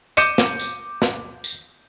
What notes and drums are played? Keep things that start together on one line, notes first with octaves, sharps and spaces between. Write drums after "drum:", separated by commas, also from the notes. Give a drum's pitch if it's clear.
D6 G6 C#7 D#7 E7, drum: tambourine
drum: snare
drum: tambourine
drum: snare
drum: tambourine